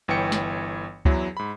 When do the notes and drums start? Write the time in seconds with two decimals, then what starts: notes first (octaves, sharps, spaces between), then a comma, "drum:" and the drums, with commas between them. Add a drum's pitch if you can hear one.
0.08 G1 E3 C#5 G5 C#7
0.32 drum: snare
1.05 E2 F#3 E4, drum: kick C#2
1.37 G#2 B5